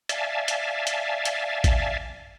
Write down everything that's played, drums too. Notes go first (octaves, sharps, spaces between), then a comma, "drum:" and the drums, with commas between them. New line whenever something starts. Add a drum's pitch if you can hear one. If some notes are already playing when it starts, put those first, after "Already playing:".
D5 E5 F5 G#5 A5, drum: hi-hat
drum: hi-hat
drum: hi-hat
drum: hi-hat
drum: kick A1, hi-hat